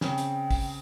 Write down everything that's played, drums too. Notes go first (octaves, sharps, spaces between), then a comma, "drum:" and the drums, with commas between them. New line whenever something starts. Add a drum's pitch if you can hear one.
C#3 C4 G5, drum: snare
drum: hi-hat
drum: kick, open hi-hat